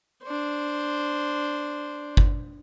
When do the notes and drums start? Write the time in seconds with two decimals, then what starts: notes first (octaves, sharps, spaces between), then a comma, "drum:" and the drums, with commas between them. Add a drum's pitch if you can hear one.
0.24 D4 C5
2.17 drum: kick G1